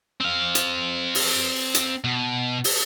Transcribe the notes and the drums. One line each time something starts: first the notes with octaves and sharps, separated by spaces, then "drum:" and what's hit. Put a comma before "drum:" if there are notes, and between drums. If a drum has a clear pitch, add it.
C4 F5
drum: hi-hat
drum: open hi-hat
drum: hi-hat
B2
drum: open hi-hat